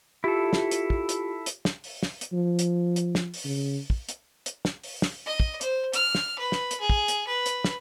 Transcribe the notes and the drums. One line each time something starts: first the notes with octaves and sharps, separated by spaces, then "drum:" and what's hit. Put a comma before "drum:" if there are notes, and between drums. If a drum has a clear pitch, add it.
E4 F4 G4 A4
drum: snare
drum: hi-hat
drum: kick
drum: hi-hat
drum: hi-hat
drum: snare
drum: open hi-hat
drum: snare
drum: hi-hat
F3
drum: hi-hat
drum: hi-hat
drum: snare
drum: open hi-hat
C#3
drum: kick
drum: hi-hat
drum: hi-hat
drum: snare
drum: open hi-hat
drum: snare
D#5
drum: kick
C5, drum: hi-hat
F6, drum: hi-hat
drum: snare
B4
drum: snare
drum: hi-hat
G#4
drum: kick
drum: hi-hat
B4
drum: hi-hat
drum: snare